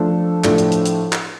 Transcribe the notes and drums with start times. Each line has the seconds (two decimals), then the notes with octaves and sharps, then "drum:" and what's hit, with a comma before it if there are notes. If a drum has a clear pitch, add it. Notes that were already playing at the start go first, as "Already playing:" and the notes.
Already playing: F3 A3 D4 A4
0.44 A2 F3 A3 D4, drum: clap
0.58 drum: hi-hat
0.72 drum: hi-hat
0.85 drum: hi-hat
1.12 drum: clap